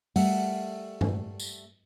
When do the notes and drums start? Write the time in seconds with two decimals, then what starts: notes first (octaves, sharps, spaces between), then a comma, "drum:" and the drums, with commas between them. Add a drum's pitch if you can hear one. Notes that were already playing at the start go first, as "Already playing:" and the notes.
0.16 G3 A3 A#4 F#5, drum: open hi-hat
1.01 drum: tom G2
1.40 drum: tambourine